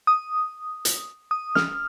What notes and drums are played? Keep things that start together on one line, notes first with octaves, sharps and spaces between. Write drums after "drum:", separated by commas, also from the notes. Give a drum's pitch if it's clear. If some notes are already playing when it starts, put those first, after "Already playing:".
D#6
drum: hi-hat
D#6
F6, drum: snare